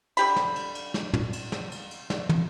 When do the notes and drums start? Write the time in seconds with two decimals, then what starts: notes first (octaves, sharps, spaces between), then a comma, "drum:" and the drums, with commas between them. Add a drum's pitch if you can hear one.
0.17 D3 G4 B5, drum: cymbal
0.36 drum: snare
0.56 drum: cymbal
0.75 drum: cymbal
0.94 drum: snare
1.14 drum: tom
1.33 drum: cymbal
1.52 drum: snare
1.71 drum: cymbal
1.91 drum: cymbal
2.10 drum: snare
2.29 drum: tom